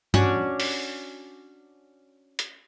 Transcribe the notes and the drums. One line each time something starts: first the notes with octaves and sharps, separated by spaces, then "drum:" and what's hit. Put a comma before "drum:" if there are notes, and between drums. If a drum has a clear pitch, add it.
C#4 D4 F#4 C#5, drum: tom G2
drum: open hi-hat
drum: hi-hat